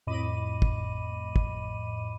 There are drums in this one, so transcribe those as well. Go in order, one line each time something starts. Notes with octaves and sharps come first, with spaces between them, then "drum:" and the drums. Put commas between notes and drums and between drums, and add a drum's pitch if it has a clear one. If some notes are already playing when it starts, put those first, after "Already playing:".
F2 A2 D#5 B5 D6 D#7
drum: kick
drum: kick